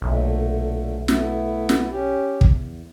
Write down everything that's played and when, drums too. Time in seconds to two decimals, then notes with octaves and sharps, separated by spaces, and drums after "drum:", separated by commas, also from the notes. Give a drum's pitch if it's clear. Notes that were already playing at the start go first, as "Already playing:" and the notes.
0.02 B1 A#2 D3 A3
1.08 A3 B3 E4, drum: snare
1.69 drum: snare
1.91 C#4 G4
2.41 E2, drum: kick